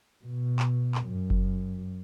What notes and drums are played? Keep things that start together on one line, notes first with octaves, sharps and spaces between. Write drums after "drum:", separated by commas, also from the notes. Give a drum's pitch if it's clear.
B2
drum: clap
drum: clap
F#2
drum: kick F#1